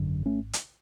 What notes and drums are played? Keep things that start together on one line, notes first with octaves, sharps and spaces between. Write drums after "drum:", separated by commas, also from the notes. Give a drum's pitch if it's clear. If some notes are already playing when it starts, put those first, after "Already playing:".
Already playing: G#1 F#2 D3
A3 C#4
drum: hi-hat